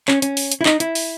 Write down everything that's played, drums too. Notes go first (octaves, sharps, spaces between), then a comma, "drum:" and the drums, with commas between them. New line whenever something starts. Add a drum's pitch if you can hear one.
C#4, drum: clap
C#4, drum: hi-hat
drum: open hi-hat
drum: hi-hat
E4
D#4, drum: clap
E4, drum: hi-hat
drum: open hi-hat